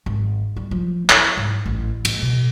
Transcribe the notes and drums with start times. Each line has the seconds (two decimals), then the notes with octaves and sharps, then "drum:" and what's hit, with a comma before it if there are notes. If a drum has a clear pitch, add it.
0.06 G#1
0.57 G3
0.71 F3
1.10 E4, drum: clap
1.37 G#2
1.66 A1
2.05 A1, drum: cymbal
2.22 B2